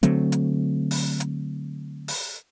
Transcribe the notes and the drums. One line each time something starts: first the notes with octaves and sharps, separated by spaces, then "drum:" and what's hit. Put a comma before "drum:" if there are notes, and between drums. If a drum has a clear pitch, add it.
D3 F#3 A3 C4, drum: hi-hat
drum: hi-hat
drum: open hi-hat
drum: hi-hat
drum: open hi-hat